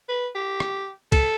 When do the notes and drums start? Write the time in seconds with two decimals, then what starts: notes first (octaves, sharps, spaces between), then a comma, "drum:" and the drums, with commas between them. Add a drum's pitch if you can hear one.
0.09 B4
0.35 G4
0.60 drum: rim click
1.12 A4, drum: kick, cymbal